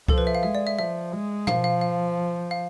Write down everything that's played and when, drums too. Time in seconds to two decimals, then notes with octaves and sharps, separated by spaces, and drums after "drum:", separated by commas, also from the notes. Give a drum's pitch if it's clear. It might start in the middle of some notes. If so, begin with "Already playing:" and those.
0.08 F3 A4, drum: kick C2
0.18 B4
0.27 E5
0.35 F5
0.43 G#3 E5
0.55 D5
0.67 E5
0.78 F3 E5
1.13 G#3
1.47 F3 F5, drum: tom
1.64 F5
1.81 F5
2.51 F5